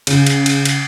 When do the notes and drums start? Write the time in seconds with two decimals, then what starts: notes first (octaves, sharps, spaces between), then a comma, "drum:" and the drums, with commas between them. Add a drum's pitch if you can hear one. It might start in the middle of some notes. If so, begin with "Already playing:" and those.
0.07 C#3, drum: cymbal
0.27 drum: cymbal
0.46 drum: cymbal
0.65 drum: cymbal